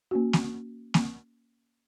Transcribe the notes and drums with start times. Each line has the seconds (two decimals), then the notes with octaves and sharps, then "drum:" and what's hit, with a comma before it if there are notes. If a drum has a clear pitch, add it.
0.11 A#3 C#4 F#4
0.33 drum: snare A#3
0.94 drum: snare A#3